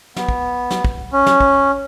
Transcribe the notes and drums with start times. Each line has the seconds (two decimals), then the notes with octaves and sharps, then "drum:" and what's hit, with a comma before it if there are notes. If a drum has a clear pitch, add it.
0.16 B3, drum: snare
0.29 drum: kick
0.70 drum: snare
0.84 drum: kick
1.12 C#4
1.26 drum: snare
1.40 drum: kick